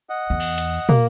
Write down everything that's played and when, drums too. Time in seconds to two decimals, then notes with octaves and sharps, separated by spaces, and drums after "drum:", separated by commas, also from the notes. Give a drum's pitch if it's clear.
0.09 D#5 F#5
0.30 E2
0.40 drum: cymbal
0.58 drum: hi-hat
0.89 A#3, drum: tom